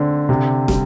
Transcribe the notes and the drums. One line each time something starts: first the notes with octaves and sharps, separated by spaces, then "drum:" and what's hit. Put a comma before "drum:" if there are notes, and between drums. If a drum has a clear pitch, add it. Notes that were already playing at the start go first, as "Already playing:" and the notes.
Already playing: D3 C4
C3
G3, drum: snare